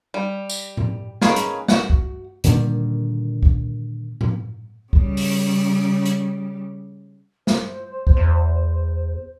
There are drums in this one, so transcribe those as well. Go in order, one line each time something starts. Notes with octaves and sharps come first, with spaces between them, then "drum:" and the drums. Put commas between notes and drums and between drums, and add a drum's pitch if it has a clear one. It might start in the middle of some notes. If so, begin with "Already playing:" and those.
G3
drum: tambourine
drum: tom A2
D#3 A#3 C#4 G#4 B4, drum: snare
drum: hi-hat
F#4 F#5, drum: snare
drum: kick
A#2 D3 D#3 G3, drum: hi-hat
drum: kick
drum: tom A2
C#3 G3, drum: kick
drum: open hi-hat
drum: hi-hat
C5, drum: snare
drum: kick
E2